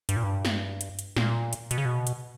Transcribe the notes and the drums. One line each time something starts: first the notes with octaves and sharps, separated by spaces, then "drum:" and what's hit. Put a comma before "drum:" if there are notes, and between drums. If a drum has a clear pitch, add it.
G2, drum: hi-hat
A#2
G2
drum: snare
drum: hi-hat
drum: hi-hat
A#2, drum: snare
drum: hi-hat
B2, drum: hi-hat
C#3
B2
drum: hi-hat